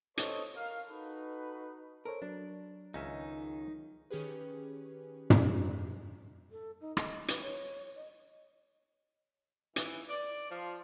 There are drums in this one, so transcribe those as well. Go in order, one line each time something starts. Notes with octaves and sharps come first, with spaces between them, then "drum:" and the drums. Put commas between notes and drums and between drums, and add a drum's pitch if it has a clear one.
A4 C5 C#5 D#5, drum: hi-hat
A#4 F5
D#4 F#4 A4 B4
A4 A#4 C5 C#5
F#3 D4
C#2 D#3 C#4 D#4 E5
D#3 C#4 G4 G#4 B4
drum: tom
A4
D#4
D#5, drum: rim click
B4, drum: hi-hat
C#5
D#5
E3, drum: hi-hat
D5
F3